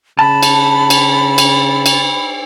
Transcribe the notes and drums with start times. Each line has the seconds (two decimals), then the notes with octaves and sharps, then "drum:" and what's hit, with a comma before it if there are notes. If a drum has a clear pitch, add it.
0.19 C#3 A5 B5
0.43 drum: cymbal
0.90 drum: cymbal
1.38 drum: cymbal
1.86 drum: cymbal